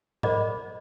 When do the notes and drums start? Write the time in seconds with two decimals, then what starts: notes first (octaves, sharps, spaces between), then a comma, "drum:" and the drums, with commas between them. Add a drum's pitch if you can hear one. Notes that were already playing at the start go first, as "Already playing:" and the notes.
0.23 A#4 C5 D5 D#5 B5 D6, drum: tom G#2